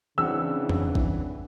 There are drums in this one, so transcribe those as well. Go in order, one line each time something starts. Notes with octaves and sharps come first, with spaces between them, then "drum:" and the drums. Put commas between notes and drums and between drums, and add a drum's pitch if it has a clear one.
C#3 E3 C4 D4 F#5 E6
drum: tom F2
drum: kick G#1